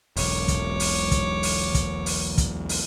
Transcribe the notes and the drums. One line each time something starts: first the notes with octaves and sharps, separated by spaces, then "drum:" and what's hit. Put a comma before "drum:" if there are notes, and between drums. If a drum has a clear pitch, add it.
E1 B1 C#5 D6, drum: open hi-hat
drum: kick, hi-hat
drum: open hi-hat
drum: kick, hi-hat
drum: open hi-hat
drum: kick, hi-hat
drum: open hi-hat
drum: kick, hi-hat
drum: open hi-hat